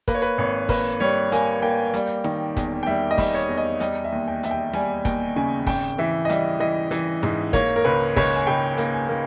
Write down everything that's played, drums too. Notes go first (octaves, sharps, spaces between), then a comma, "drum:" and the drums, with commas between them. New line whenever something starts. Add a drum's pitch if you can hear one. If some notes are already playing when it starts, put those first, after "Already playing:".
A#3 B4, drum: kick, hi-hat
C#5
B4
G#1 C#5
A#3 B4, drum: kick, open hi-hat
G3 C#5
A#3 G#5, drum: hi-hat
A#3 G5
G3, drum: hi-hat
D#3, drum: snare D#4
E2, drum: kick, hi-hat
G5
G3 E5
D#5
G3, drum: kick, open hi-hat
C#5
E2
D#5
G3 D#5, drum: hi-hat
E5
D#2
G5
D#2 E5, drum: hi-hat
G5
G3 G#5, drum: snare D#4
D#2 G5, drum: kick, hi-hat
C#3 G#5
G#1 G5, drum: kick, open hi-hat
E3 E5
D#5
G3 E5, drum: hi-hat
E3 D#5
E3, drum: hi-hat
G#2, drum: snare D#4
A#3 C#5, drum: kick, hi-hat
A#4
C#2 B4
C#2 C#5, drum: kick, open hi-hat
G#5
C#2 G5
A#3, drum: hi-hat
G#5
A#3